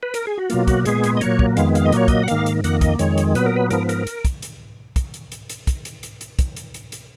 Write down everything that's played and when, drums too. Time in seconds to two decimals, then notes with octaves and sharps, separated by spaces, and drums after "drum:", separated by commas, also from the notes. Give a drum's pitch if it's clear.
0.03 B4
0.14 A#4, drum: hi-hat
0.27 G#4
0.38 F#4
0.50 B2 F#3 A#3 F4, drum: hi-hat
0.67 F#4, drum: kick, hi-hat
0.85 A#2 G#3 B3 G#4, drum: hi-hat
1.04 drum: hi-hat
1.17 D#5
1.21 A#2 F#3 A#3 C#5, drum: hi-hat
1.39 drum: kick
1.57 F2 D#3 G#3 B3 F5, drum: hi-hat
1.75 F5, drum: hi-hat
1.85 D#5
1.92 A#2 F#3 A#3 C#5, drum: hi-hat
2.08 D#5, drum: kick, hi-hat
2.23 F#5
2.28 G#2 D#3 A#3 F5, drum: hi-hat
2.46 drum: hi-hat
2.64 F2 D#3 A#3 F#5, drum: hi-hat
2.81 D#5, drum: kick, hi-hat
2.99 F2 D#3 G#3 C#5, drum: hi-hat
3.18 drum: hi-hat
3.35 A#2 F#3 B3 B4, drum: hi-hat
3.46 A#4
3.56 B4
3.70 G#2 F3 B3 A#4, drum: hi-hat
3.89 A#4, drum: hi-hat
4.07 drum: hi-hat
4.25 drum: kick, hi-hat
4.42 drum: hi-hat
4.96 drum: kick, hi-hat
5.14 drum: hi-hat
5.32 drum: hi-hat
5.49 drum: hi-hat
5.67 drum: kick, hi-hat
5.85 drum: hi-hat
6.03 drum: hi-hat
6.21 drum: hi-hat
6.39 drum: kick, hi-hat
6.56 drum: hi-hat
6.74 drum: hi-hat
6.92 drum: hi-hat